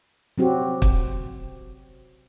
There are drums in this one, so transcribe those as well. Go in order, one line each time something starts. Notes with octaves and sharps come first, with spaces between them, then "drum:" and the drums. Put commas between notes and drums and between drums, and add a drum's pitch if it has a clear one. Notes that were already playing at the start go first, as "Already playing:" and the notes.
F#3 C4 F#4 G4
drum: kick